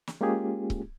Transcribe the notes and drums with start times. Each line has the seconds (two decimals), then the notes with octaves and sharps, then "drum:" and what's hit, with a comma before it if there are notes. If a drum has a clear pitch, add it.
0.07 drum: snare
0.21 G#3 A#3 C#4 F4 G4 G#4
0.70 drum: kick C#1